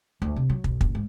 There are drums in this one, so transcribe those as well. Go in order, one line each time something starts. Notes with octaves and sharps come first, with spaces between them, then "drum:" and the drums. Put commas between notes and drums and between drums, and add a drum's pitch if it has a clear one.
D2
C3
F#3
B1, drum: kick
F#1, drum: kick
G#2